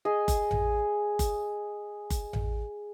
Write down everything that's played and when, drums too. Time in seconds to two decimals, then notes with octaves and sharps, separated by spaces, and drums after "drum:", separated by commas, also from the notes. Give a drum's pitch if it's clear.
0.05 G#4 D#5
0.28 drum: kick F#1, hi-hat
0.51 drum: tom A1
1.19 drum: kick F#1, hi-hat
2.10 drum: kick F#1, hi-hat
2.33 drum: tom A1